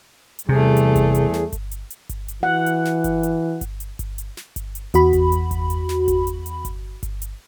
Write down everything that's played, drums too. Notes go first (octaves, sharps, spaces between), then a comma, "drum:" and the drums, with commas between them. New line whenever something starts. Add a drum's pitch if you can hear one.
drum: hi-hat
E2 C3 G3 A3 G#4
drum: hi-hat
drum: kick G1, hi-hat
drum: hi-hat
drum: snare
drum: kick G1, hi-hat
drum: hi-hat
drum: hi-hat
drum: kick G1, hi-hat
drum: hi-hat
E3 F#5
drum: hi-hat
drum: snare
drum: kick G1, hi-hat
drum: hi-hat
drum: kick G1, hi-hat
drum: hi-hat
drum: kick G1, hi-hat
drum: hi-hat
drum: snare
drum: kick G1, hi-hat
drum: hi-hat
E2 F#4 B5, drum: hi-hat
drum: kick G1, hi-hat
drum: hi-hat
drum: kick G1, hi-hat
drum: hi-hat
drum: snare
drum: kick G1, hi-hat
drum: hi-hat
drum: hi-hat
drum: kick G1, hi-hat
drum: kick G1, hi-hat
drum: hi-hat